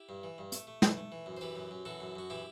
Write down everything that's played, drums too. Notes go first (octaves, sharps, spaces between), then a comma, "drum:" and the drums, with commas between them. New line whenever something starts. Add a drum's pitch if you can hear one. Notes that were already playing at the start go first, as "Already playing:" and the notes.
Already playing: E4 G4
G2
E3
G2
A3, drum: hi-hat
A3
E3, drum: snare
A3
E3
F#2
C5
E3 G4 B4
F#2
F#2
E3 F#4 A4
F#2
F#2 F#4
E3 E4 G4